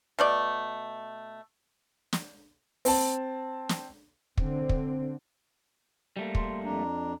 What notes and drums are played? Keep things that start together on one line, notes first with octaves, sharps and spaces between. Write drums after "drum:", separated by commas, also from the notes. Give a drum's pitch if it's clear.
B2 A3 D5
drum: snare
C4 A5, drum: open hi-hat
drum: snare
D3 C4, drum: kick
drum: kick
G3 A3 A#3
C6, drum: kick
F2 D4 A#5